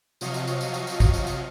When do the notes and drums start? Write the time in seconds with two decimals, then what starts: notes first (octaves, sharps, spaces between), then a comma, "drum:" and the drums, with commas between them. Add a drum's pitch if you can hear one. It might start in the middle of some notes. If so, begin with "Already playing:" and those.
0.21 C3 F3 F#3 D#5 F5 C#6, drum: tambourine
0.34 drum: tambourine
0.47 drum: tambourine
0.61 drum: tambourine
0.74 drum: tambourine
0.87 drum: tambourine
1.00 drum: kick, tambourine
1.13 drum: tambourine
1.27 drum: tambourine